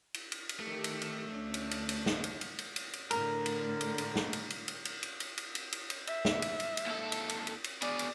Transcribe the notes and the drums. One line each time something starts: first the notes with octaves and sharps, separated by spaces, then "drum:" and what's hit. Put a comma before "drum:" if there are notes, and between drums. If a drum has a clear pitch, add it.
drum: cymbal
drum: cymbal
drum: cymbal
D#3 A3 G4
drum: cymbal
drum: cymbal
D2 C#4 D4
drum: cymbal
drum: cymbal
drum: cymbal
drum: snare
drum: cymbal
drum: cymbal
drum: cymbal
drum: cymbal
drum: cymbal
A2 D3 A#4, drum: cymbal
drum: cymbal
drum: cymbal
drum: cymbal
drum: snare
drum: cymbal
drum: cymbal
drum: cymbal
drum: cymbal
drum: cymbal
drum: cymbal
drum: cymbal
drum: cymbal
drum: cymbal
drum: cymbal
E5, drum: cymbal
drum: snare
drum: cymbal
drum: cymbal
drum: cymbal
D#2 A4
drum: cymbal
drum: cymbal
drum: cymbal
drum: cymbal
B2 G#4 D5, drum: cymbal
drum: cymbal